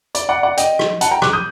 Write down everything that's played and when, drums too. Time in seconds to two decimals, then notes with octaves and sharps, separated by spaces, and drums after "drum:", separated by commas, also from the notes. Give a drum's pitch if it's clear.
0.15 D5, drum: hi-hat
0.29 D5 F#5
0.43 D5 F#5
0.57 D#5 G5, drum: hi-hat
0.79 drum: rim click
1.01 F#5 A5, drum: hi-hat
1.11 G5 A#5
1.22 D6 F#6, drum: rim click
1.33 D#6 G6